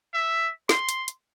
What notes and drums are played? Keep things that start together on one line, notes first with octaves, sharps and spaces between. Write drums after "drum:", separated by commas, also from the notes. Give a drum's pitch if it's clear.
E5
C6, drum: snare
drum: hi-hat
drum: hi-hat